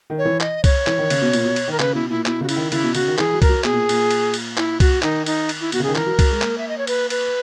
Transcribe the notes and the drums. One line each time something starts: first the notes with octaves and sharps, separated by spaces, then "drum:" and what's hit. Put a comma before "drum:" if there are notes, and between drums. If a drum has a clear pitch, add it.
D#3
C#5
E3
D#5, drum: clap
C#5, drum: kick C2, cymbal
E3, drum: clap
D#3
C#3, drum: cymbal
B2
A#2, drum: cymbal
B2
drum: cymbal
D#3 A#4
C#3 B4, drum: clap
B2 E4
A#2 E4
B2 E4, drum: clap
C#3 F#4
E4, drum: cymbal
D#3
C#3 E4, drum: cymbal
B2
C#3 F#4, drum: cymbal
D#3
E3 G#4, drum: clap
F#3
A#4, drum: kick C2, cymbal
F#3
B2 G#4, drum: clap
A#2
A#2, drum: cymbal
drum: cymbal
drum: cymbal
E4, drum: clap
F#4, drum: kick C2, cymbal
D#3 D#4, drum: clap
D#4, drum: cymbal
drum: cymbal
E4
B2 F#4, drum: cymbal
C#3
D#3 G#4
E3 A#4, drum: clap
F#3
F#3, drum: kick C2, cymbal
G#3
A#3, drum: clap
E5
D#5
C#5
B4, drum: cymbal
B4, drum: cymbal